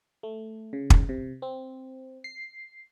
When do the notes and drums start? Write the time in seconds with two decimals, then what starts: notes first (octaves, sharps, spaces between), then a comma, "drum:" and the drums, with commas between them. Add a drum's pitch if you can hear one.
0.23 A3
0.73 C#3
0.90 drum: kick
1.09 C3
1.42 C4
2.24 C7